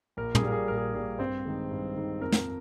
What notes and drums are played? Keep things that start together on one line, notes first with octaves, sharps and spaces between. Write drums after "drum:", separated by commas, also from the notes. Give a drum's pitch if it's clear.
A#1 A#4
G#4, drum: tom
A#2 G3 A#3 A#4
G#4
A#1 A#4
G#4
A#2 G3 A#3 G#4
G2 C4 C5
D#3 G#3 D#4
G2
D#3 G#3 D#4
F2 A#4
drum: snare